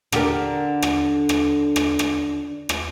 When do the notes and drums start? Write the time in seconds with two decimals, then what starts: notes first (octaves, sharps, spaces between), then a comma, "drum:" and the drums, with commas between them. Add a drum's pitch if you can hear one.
0.12 D3 G4 A#4, drum: rim click
0.82 drum: rim click
1.29 drum: rim click
1.76 drum: rim click
1.99 drum: rim click
2.69 drum: rim click